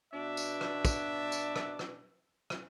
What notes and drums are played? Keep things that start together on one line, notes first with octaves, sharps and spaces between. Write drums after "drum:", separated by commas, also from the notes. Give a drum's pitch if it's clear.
B2 D4 E5
drum: tambourine
drum: rim click
drum: kick, tambourine
drum: tambourine
drum: rim click
drum: rim click
drum: rim click